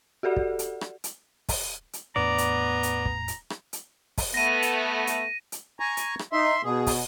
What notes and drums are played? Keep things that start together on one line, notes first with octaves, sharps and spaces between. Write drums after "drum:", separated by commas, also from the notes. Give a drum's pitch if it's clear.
F#4 G4 A4 D5 F#5
drum: kick
drum: hi-hat
drum: rim click
drum: hi-hat
drum: kick, open hi-hat
drum: hi-hat
E2 A2 B3 D4 D5 A#5
drum: hi-hat
drum: hi-hat
drum: kick
drum: hi-hat
drum: rim click
drum: hi-hat
drum: kick, open hi-hat
A3 B3 A#6 D#7
drum: hi-hat
drum: hi-hat
drum: hi-hat
G#5 A#5 C#6
drum: hi-hat
drum: rim click
D#4 E5 C6
B2 G#4
drum: kick, open hi-hat